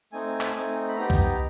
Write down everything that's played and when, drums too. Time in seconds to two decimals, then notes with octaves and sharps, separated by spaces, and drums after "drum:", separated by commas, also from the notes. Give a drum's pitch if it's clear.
0.12 A3 C4 D#4 G#5
0.41 drum: clap
0.55 A3 C4 D#4
0.88 B5
0.96 B3 D#4 G4 A#5
1.10 drum: kick C2